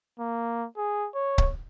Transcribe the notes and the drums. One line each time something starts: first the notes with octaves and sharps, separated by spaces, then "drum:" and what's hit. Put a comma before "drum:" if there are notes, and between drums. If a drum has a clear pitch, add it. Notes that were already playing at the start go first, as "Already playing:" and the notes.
A#3
G#4
C#5
drum: kick C#1